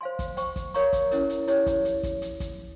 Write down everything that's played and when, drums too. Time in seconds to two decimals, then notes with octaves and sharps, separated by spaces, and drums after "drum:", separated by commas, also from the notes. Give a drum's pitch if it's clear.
0.01 C5 F5 G#5 C6
0.19 drum: kick, hi-hat
0.37 C5 G5 C#6, drum: hi-hat
0.56 drum: kick, hi-hat
0.74 A#4 C#5 F5 A#5 C#6, drum: hi-hat
0.93 drum: kick, hi-hat
1.11 C#4 E4 A#4, drum: hi-hat
1.30 drum: hi-hat
1.47 E4 G4 C#5, drum: hi-hat
1.66 drum: kick, hi-hat
1.85 drum: hi-hat
2.03 drum: kick, hi-hat
2.22 drum: hi-hat
2.40 drum: kick, hi-hat